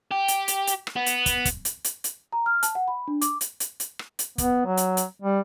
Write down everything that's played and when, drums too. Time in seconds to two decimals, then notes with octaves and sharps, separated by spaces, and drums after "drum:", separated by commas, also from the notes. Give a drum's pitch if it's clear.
0.11 G4
0.28 drum: hi-hat
0.48 drum: hi-hat
0.67 drum: hi-hat
0.87 drum: rim click
0.96 B3
1.06 drum: hi-hat
1.26 drum: kick, hi-hat
1.45 drum: kick, hi-hat
1.65 drum: hi-hat
1.84 drum: hi-hat
2.04 drum: hi-hat
2.33 A#5
2.46 F6
2.63 A5, drum: hi-hat
2.75 F#5
2.88 B5
3.08 D4
3.21 D6, drum: hi-hat
3.41 drum: hi-hat
3.60 drum: hi-hat
3.80 drum: hi-hat
3.99 drum: rim click
4.19 drum: hi-hat
4.38 B3, drum: kick, hi-hat
4.66 F#3
4.77 drum: hi-hat
4.97 drum: hi-hat
5.22 G3